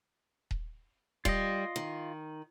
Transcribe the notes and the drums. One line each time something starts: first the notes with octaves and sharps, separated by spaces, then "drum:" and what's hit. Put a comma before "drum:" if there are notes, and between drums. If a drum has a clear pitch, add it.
drum: kick D#1
G3 F4 D#5, drum: kick D#1
D#3